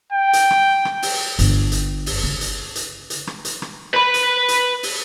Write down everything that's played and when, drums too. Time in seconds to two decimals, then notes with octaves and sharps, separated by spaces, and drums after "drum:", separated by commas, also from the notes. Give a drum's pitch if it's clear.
0.13 G5
0.33 drum: hi-hat
0.51 drum: rim click
0.85 drum: rim click
1.02 drum: open hi-hat
1.39 G1, drum: hi-hat
1.72 drum: hi-hat
2.06 drum: open hi-hat
2.24 C#3
2.41 drum: hi-hat
2.75 drum: hi-hat
3.10 drum: hi-hat
3.27 drum: rim click
3.45 drum: hi-hat
3.62 drum: rim click
3.94 B4 B5
4.14 drum: hi-hat
4.48 drum: hi-hat
4.83 drum: open hi-hat